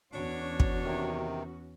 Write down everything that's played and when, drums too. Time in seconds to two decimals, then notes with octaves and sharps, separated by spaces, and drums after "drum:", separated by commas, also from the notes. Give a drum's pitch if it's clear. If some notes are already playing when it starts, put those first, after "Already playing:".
0.13 E2 C#4 D4 F#4 C#5
0.60 drum: kick
0.84 C3 D#3